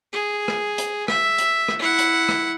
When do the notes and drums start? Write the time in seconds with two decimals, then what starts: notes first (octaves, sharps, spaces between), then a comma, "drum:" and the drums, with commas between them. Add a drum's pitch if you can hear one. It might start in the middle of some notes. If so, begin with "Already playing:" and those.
0.13 G#4
0.48 drum: rim click
0.78 drum: hi-hat
1.08 E5, drum: rim click
1.38 drum: hi-hat
1.68 drum: rim click
1.79 E4 F#5
1.99 drum: hi-hat
2.29 drum: rim click